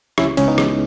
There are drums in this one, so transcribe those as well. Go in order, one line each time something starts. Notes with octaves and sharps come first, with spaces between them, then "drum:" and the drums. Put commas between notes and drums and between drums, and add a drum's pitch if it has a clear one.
C#2 C#4 E4, drum: rim click
C#2 C#4, drum: cymbal
B3 D#4
G#3, drum: rim click